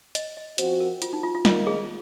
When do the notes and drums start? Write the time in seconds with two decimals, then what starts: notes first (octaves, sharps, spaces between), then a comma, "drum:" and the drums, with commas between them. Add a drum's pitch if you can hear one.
0.15 D#5, drum: hi-hat
0.37 D#5
0.58 F3 C4 F#4 C5, drum: hi-hat
0.80 A#4
1.02 F4, drum: hi-hat
1.13 D#4
1.23 F4
1.35 F4
1.45 D#3 A#3 D#4 F4, drum: snare
1.67 G#4